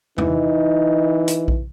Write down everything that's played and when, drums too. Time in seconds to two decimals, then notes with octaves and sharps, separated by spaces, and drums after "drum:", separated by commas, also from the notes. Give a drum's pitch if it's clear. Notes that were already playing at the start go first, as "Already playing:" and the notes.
0.18 E3 D#4, drum: tom E2
1.28 drum: hi-hat
1.48 drum: kick A#1